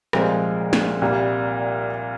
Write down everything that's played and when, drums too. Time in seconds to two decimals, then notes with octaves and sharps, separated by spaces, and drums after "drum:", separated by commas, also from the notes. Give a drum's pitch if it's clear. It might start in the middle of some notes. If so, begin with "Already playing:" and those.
0.13 C2 A#2 F3 G#3 C4, drum: rim click
0.73 drum: snare
1.01 C2 A#2 G3 A#3